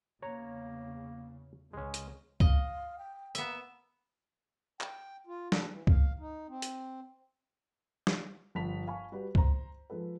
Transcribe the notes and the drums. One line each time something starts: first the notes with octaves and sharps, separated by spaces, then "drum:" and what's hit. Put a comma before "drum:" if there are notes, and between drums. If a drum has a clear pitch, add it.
E2 C#3 A#3 C#5 A#5
C#2 C#3 G#3 C#4
drum: hi-hat
D#5 F5, drum: kick C#2
G5
A#3 B3 E5, drum: hi-hat
G5, drum: clap
F4
D4, drum: snare
E3
F5, drum: kick C#2
D#4
C4
drum: hi-hat
drum: snare
G1 F3 A5 B5 B6 F7
F5 G#5 A5 B5 C#6
G3 F#4 G4 B4
C5 A#5, drum: kick C#2
F3 G#3 A4 B4